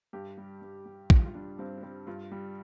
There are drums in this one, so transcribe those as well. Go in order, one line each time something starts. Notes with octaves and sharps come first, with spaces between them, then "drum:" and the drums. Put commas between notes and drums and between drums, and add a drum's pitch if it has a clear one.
G2 G4
G3
G2
G3
G2 F4, drum: kick
F4
G3 D4
G2 C4
D4
G3 C4
G2 F4
G3